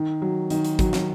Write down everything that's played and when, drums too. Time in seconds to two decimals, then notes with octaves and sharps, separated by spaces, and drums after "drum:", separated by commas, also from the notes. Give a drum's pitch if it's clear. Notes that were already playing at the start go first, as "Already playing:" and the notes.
Already playing: D#3
0.22 F#3
0.50 D#3, drum: hi-hat
0.64 drum: hi-hat
0.79 F#3, drum: kick, hi-hat
0.93 drum: snare